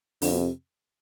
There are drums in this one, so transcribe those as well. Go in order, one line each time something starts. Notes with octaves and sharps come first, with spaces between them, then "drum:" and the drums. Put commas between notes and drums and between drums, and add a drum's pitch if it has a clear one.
F2 D3, drum: open hi-hat
B2
C3